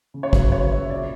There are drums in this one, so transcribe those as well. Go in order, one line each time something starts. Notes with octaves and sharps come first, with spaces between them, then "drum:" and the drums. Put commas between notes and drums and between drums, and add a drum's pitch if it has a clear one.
C#3
C#5
F#3 B4, drum: kick
C#3 C#5
F#3 E5
A#2 D5